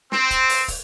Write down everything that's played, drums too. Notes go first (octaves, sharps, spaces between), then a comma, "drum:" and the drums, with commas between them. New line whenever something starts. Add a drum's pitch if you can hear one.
C4, drum: snare
drum: kick, hi-hat
drum: open hi-hat
drum: kick, open hi-hat